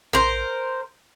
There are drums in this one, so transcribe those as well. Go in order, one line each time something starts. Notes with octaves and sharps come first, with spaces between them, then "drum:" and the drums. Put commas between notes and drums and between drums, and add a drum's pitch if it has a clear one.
A#4 C5, drum: tom A#1